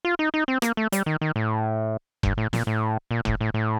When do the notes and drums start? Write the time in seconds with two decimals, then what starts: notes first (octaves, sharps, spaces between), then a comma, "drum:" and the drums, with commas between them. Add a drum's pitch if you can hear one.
0.05 F4
0.19 D#4
0.34 D#4
0.48 C4
0.62 A#3, drum: rim click
0.77 A3
0.92 G3, drum: hi-hat
1.06 D#3
1.21 D#3
1.36 A2
2.23 G2, drum: kick F1
2.37 A2
2.53 A#2, drum: snare
2.67 A2
3.11 A#2
3.25 A2, drum: kick F1
3.41 A2
3.54 A2